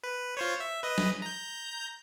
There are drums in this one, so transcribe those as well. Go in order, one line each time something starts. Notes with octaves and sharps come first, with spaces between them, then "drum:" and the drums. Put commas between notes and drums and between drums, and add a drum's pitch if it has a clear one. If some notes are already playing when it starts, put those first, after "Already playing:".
B4
F4 C5 C#5
E5
B4 D#5
drum: snare
A#5 G6